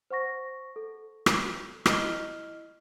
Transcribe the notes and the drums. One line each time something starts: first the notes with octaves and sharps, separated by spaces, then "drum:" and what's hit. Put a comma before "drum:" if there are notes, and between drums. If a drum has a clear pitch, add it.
C5 F#5 C#6 A#6
A4
drum: rim click
E4 D#5 F6 G7, drum: rim click